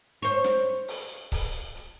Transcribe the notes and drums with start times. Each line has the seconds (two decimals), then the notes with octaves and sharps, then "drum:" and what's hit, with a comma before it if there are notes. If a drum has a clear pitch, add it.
0.22 C5 C#5
0.44 drum: snare
0.88 drum: open hi-hat
1.32 drum: kick C#1, open hi-hat
1.76 drum: hi-hat